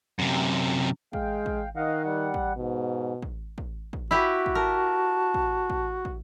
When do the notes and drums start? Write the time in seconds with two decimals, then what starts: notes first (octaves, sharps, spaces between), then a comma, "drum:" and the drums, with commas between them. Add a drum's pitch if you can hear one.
0.19 F#2 C3
1.13 G#3 F5 G5, drum: kick
1.46 drum: kick
1.76 D#3 D#5 F5 F#5
2.05 G3 F#5
2.34 drum: kick
2.57 G#2 B2
3.22 drum: kick
3.58 drum: kick
3.93 drum: kick
4.11 E4 F#4 G4 B4
4.46 drum: kick
4.55 A#4 A5
5.34 drum: kick
5.70 drum: kick
6.05 drum: kick